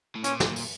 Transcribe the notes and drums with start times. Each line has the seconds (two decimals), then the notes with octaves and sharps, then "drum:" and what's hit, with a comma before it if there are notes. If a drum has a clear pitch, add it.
0.15 A2
0.24 A#2 C#4, drum: hi-hat
0.40 drum: snare
0.56 drum: open hi-hat